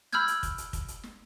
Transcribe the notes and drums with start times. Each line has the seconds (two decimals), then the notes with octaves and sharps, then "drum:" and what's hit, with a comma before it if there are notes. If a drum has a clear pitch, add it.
0.13 B5 E6 F6 G6 G#6, drum: snare
0.28 drum: hi-hat
0.43 drum: kick, hi-hat
0.58 drum: hi-hat
0.73 drum: kick, hi-hat
0.88 drum: hi-hat
1.03 drum: snare